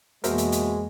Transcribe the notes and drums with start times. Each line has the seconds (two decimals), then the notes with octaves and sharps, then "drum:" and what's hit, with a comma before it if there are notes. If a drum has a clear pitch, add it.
0.24 F2 B2 E3 G#3 A#3 A#4 C5 E5, drum: hi-hat
0.38 drum: hi-hat
0.52 drum: hi-hat